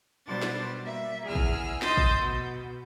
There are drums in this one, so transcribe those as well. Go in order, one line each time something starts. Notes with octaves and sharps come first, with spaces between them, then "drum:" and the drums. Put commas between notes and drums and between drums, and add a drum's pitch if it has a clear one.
B2 G3 D4 C5 A6
drum: snare
G3 A#3 E5
E2 G#4 E6 F6
drum: kick
D#5 C6 D#6 E6 G6 A6, drum: snare
drum: kick
B2